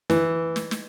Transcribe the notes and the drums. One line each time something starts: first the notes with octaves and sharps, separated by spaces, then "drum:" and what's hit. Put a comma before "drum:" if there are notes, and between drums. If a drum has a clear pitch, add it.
E3, drum: snare
drum: snare
drum: snare